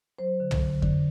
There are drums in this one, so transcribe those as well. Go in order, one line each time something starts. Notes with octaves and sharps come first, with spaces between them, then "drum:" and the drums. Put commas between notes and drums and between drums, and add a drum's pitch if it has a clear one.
F#3 C5
D3
drum: tom
D3
D3, drum: kick F2